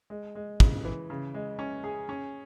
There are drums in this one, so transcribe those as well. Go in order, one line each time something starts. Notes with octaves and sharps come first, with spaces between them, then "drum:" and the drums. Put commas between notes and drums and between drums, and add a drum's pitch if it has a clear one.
G#3
G#3
C#3, drum: kick
E3
C#3
G#3
C#4
G#4
C#4